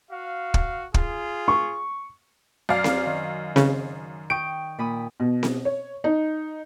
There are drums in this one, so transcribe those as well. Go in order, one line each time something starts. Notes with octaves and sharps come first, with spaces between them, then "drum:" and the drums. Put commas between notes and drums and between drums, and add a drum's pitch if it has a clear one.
F#4 F5
drum: kick
F4 G#4, drum: kick
C#6
F#2 D5 F5
drum: snare C4
D#3
C#3, drum: snare C4
G5 C#6 D#6 D7
A#2 B5 D#6
B2
drum: snare C4
C#5
D#4